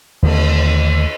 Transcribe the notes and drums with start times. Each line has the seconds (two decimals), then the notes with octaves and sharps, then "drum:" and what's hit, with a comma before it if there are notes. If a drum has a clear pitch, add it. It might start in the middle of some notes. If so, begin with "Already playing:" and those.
0.22 D#2 D3 A3, drum: cymbal